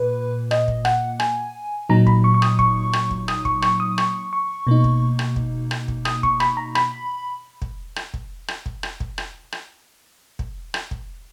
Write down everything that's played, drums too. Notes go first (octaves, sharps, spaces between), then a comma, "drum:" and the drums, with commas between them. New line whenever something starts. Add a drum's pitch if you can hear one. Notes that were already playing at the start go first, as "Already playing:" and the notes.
Already playing: A#2 A#3 B4
D#5, drum: rim click
drum: kick
F#5, drum: rim click
G#5, drum: rim click
A#2 F#3 A#3 D#4 A#5
B5, drum: kick
C#6
C#6
D#6, drum: rim click
C#6, drum: kick
drum: rim click
drum: kick
D#6, drum: rim click
C#6, drum: kick
C#6, drum: rim click
D#6
C#6, drum: rim click
C#6
B2 A#3 D#4
drum: kick
drum: rim click
drum: kick
drum: rim click
drum: kick
D#6, drum: rim click
C#6, drum: kick
B5, drum: rim click
A#5
B5, drum: rim click
drum: kick
drum: rim click
drum: kick
drum: rim click
drum: kick
drum: rim click
drum: kick
drum: rim click
drum: rim click
drum: kick
drum: rim click
drum: kick